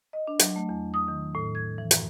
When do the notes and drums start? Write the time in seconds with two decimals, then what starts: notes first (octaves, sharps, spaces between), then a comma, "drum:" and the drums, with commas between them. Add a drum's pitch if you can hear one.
0.13 D#5
0.27 D4
0.39 F#3, drum: hi-hat
0.56 A3
0.69 E2
0.94 D#6
1.08 D#3
1.35 A2
1.55 G#6
1.78 E3
1.91 F#2, drum: hi-hat